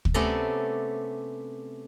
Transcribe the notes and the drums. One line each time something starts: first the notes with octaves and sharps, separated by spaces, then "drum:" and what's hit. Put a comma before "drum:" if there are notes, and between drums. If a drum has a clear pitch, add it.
drum: kick
C3 A3 B3 C#4 D5 A#5